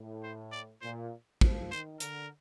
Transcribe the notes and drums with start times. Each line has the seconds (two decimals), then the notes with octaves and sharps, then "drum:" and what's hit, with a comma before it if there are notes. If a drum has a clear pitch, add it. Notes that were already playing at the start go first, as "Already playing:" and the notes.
Already playing: A2
0.23 C5
0.52 D5
0.82 A#2 C5
1.41 F3, drum: kick
1.71 D#3 C5
2.00 D3 A#4, drum: hi-hat